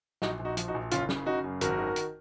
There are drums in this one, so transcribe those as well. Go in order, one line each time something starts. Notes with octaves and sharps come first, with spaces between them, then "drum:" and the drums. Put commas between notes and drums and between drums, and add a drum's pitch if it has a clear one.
A#1 D#4 F#4, drum: snare
A#1
D#4 F#4
F3, drum: hi-hat
D#4 F#4
A#1
F#1 C#4 F4, drum: hi-hat
C#3, drum: snare
C#3 D#4 F#4
F#2
G#1 F#4 A#4, drum: hi-hat
D#3
drum: hi-hat